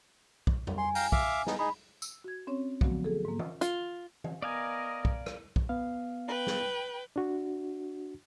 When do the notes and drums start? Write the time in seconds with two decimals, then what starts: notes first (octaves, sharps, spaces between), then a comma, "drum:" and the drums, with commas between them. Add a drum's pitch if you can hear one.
0.47 drum: kick
0.67 drum: tom F2
0.78 G#5 C6
0.95 F5 G5 A#5, drum: open hi-hat
1.12 E5 F5 D6, drum: kick
1.47 B3 D#4, drum: snare
1.59 D#4 G#4 B5
2.02 E6, drum: tambourine
2.24 F#4 G#6
2.47 C4 C#4 C#5
2.81 D3 F3 F#3 A3 B3 F#4, drum: kick
3.04 G#4 A4
3.25 G#2 A#3
3.39 drum: tom E3
3.61 F4, drum: hi-hat
4.24 drum: tom E3
4.42 B3 A#4 D5 D#5 F5 G#5
5.05 drum: kick
5.26 drum: rim click
5.56 drum: kick
5.69 B3 F5
6.28 B4 G5
6.47 drum: snare
7.16 D4 F#4